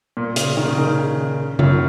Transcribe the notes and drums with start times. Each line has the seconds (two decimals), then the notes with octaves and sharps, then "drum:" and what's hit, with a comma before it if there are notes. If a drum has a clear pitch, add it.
0.17 A#2
0.36 C#3, drum: hi-hat
0.57 D#3
0.68 C#3
0.78 D#3
1.59 F#2, drum: tom C#3